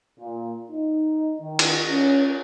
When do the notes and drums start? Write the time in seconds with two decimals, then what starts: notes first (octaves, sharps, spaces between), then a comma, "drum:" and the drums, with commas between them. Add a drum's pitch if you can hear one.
0.20 A#2
0.70 D#4
1.41 D#3
1.59 drum: cymbal
1.90 C#4